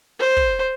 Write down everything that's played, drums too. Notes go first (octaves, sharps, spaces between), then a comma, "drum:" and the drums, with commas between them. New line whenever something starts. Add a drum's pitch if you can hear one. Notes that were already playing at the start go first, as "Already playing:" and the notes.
C5
drum: kick